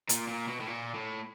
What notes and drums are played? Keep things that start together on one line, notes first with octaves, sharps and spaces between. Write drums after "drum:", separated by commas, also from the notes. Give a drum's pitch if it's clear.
A#2, drum: hi-hat
A#2
B2
A2
A#2
A2